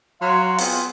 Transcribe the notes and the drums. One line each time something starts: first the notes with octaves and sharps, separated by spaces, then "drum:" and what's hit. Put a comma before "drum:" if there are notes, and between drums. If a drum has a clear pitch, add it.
F#3 F5 C6
B3 C4 F4 G#4, drum: open hi-hat